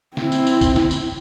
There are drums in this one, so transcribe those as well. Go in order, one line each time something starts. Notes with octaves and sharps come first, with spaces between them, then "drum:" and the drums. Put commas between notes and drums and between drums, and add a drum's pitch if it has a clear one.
C4 E4, drum: snare
drum: tambourine
drum: tambourine
drum: kick, tambourine
drum: snare
drum: tambourine